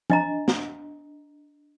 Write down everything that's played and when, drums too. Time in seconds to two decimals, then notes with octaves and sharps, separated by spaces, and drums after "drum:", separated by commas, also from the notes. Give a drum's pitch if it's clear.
0.10 D4 D#5 A#5, drum: tom F3
0.48 drum: snare